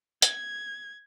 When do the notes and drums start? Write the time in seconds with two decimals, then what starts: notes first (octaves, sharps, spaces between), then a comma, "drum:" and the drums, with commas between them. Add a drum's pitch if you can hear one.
0.22 G#6, drum: hi-hat